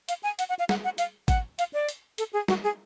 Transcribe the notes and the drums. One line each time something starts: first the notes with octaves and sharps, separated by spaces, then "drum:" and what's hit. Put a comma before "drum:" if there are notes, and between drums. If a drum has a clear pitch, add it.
F5, drum: hi-hat
G#5
F#5, drum: hi-hat
F#5
F5
F#5, drum: snare
F#5
F5, drum: hi-hat
F#5, drum: kick G#1, hi-hat
F5, drum: hi-hat
D5
drum: hi-hat
A4, drum: hi-hat
G#4
F#4, drum: snare
G#4